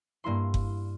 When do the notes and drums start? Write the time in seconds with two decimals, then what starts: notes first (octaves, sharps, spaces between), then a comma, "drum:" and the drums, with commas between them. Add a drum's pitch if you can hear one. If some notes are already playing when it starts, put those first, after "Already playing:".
0.24 G2 A#3 E4 C6
0.54 drum: kick F#1